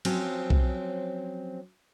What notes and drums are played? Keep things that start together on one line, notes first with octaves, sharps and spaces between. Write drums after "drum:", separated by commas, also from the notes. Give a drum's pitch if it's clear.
F3 F#3 C4 C#4, drum: cymbal
drum: kick B1